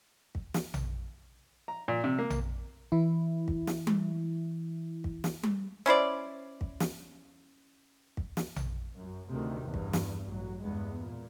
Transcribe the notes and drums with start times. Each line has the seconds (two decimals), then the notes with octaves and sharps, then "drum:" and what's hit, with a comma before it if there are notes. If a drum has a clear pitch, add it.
0.35 drum: kick
0.54 drum: snare
0.74 drum: tom A#1
1.68 A#5
1.88 A#2
2.04 C3
2.19 A#3
2.30 drum: tom A#1
2.92 E3 E4
3.48 drum: kick
3.67 drum: snare
3.87 drum: tom G3
5.04 drum: kick
5.24 drum: snare
5.43 drum: tom G3
5.86 C#4 E4 C5 D5
6.61 drum: kick
6.80 drum: snare
8.17 drum: kick
8.37 drum: snare
8.56 drum: tom A#1
8.95 F#2
9.29 D2 C3 D#3
9.63 E2 G2
9.74 drum: kick
9.93 drum: snare
10.28 A1 F#3
10.64 E2 G2 G#3 B3
10.98 A#2